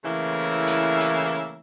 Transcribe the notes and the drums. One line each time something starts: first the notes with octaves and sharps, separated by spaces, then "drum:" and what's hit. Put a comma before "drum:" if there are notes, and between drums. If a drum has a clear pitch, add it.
C#3 E3 A3 A#3 E4
drum: hi-hat
drum: hi-hat